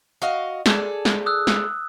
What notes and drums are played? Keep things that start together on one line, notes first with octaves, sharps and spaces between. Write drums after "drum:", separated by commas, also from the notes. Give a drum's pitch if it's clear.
F#4 D#5 F5
G#4 A4 D5, drum: snare
drum: snare
D#6 E6 F#6
drum: snare